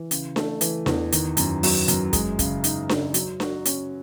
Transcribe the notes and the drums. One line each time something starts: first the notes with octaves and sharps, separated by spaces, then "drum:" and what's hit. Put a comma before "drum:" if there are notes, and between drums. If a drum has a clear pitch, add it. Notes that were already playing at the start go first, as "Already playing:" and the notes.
Already playing: E3
C#3, drum: hi-hat
A3, drum: snare D4
E3, drum: hi-hat
E2, drum: snare D4
D#3, drum: hi-hat
F#2, drum: hi-hat
F#3, drum: open hi-hat
F#2, drum: hi-hat
G#3, drum: kick, hi-hat
C#3, drum: kick, hi-hat
D#4, drum: hi-hat
C#3, drum: snare D4
F#3, drum: hi-hat
F#4, drum: snare D4
C#4, drum: hi-hat